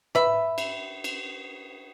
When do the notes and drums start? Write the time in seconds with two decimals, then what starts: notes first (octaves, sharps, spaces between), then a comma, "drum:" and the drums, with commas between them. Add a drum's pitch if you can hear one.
0.15 B4 E5, drum: tom
0.58 drum: cymbal
1.04 drum: cymbal